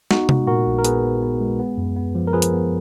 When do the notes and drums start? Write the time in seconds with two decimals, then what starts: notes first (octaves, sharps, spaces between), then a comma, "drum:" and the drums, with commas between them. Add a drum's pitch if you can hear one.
0.11 B3 D#4 F#4, drum: snare
0.29 G#3, drum: tom C3
0.47 A#2 F#4 A#4
0.67 A#1
0.78 A#4
0.84 B3 G#4 B4, drum: hi-hat
1.03 B3
1.22 B3
1.41 G#3
1.59 B3
1.77 F#2
1.96 B3
2.15 F3
2.27 A#4
2.33 F3 G#4 B4
2.42 drum: hi-hat
2.52 B3